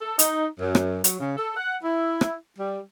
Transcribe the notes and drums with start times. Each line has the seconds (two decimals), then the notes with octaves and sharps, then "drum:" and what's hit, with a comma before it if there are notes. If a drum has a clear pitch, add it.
0.02 A4
0.19 D#4, drum: hi-hat
0.60 F#2
0.75 drum: rim click
1.04 F#3, drum: hi-hat
1.20 C#3
1.37 A4
1.57 F#5
1.84 E4
2.21 drum: rim click
2.58 G3